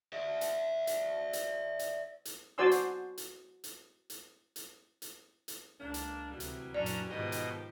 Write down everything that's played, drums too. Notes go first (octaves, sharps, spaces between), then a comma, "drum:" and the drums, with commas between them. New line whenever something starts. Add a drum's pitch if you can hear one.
D5 E5
drum: hi-hat
drum: hi-hat
drum: hi-hat
drum: hi-hat
drum: hi-hat
F#4 C5 D5 G#5 C6 E6
drum: hi-hat
drum: hi-hat
drum: hi-hat
drum: hi-hat
drum: hi-hat
drum: hi-hat
drum: hi-hat
C#2 A#3 D4
drum: hi-hat
D2 C3 E3 F#3 G3
drum: hi-hat
F#2 A#2 C#4 D4 D5 A#5
drum: hi-hat
G#2 B2 D#3 F3 G4 D#5
drum: hi-hat